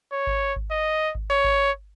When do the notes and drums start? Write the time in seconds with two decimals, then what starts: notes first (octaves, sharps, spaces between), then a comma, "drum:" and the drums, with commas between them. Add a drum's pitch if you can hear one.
0.12 C#5
0.27 drum: kick G#1
0.56 drum: kick G#1
0.71 D#5
1.15 drum: kick G#1
1.30 C#5
1.44 drum: kick G#1